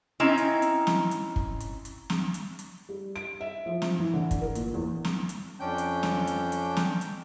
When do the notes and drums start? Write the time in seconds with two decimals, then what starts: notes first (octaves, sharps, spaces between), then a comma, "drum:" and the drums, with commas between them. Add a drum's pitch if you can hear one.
0.20 C4 C#4 D#4 E4
0.38 drum: hi-hat
0.62 drum: hi-hat
0.87 drum: snare
1.11 drum: hi-hat
1.36 drum: kick
1.60 drum: hi-hat
1.85 drum: hi-hat
2.10 drum: snare
2.34 drum: hi-hat
2.59 drum: hi-hat
2.89 G3
3.16 D7
3.41 E5
3.66 F3
3.82 drum: snare
3.99 E3
4.13 D3
4.31 drum: kick, hi-hat
4.41 A#4
4.55 A#2, drum: hi-hat
4.74 E2
5.04 drum: snare
5.29 drum: hi-hat
5.60 F2 C#4 D4 G5 G6
5.78 drum: hi-hat
6.03 drum: snare
6.27 drum: hi-hat
6.52 drum: hi-hat
6.77 drum: snare
7.01 drum: hi-hat